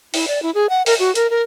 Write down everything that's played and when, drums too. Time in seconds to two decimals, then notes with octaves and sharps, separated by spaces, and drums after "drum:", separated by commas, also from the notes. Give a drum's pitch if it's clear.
0.14 E4, drum: open hi-hat
0.28 D5
0.43 E4
0.55 G#4
0.69 F#5
0.86 A#4, drum: open hi-hat
0.99 F#4
1.15 A#4, drum: hi-hat
1.30 A#4